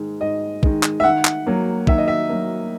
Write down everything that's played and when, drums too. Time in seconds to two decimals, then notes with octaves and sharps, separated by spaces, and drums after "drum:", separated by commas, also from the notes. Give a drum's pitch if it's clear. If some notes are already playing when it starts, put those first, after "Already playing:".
Already playing: G#2 D#3 G#3
0.21 G#2 D#5
0.63 D#3 G#3, drum: kick
0.83 drum: clap
1.00 E5
1.04 D#3 F#5
1.25 drum: clap
1.47 F#3 A#3
1.87 D#3 E5, drum: kick
1.98 D#5
2.08 E5
2.29 F#3 A#3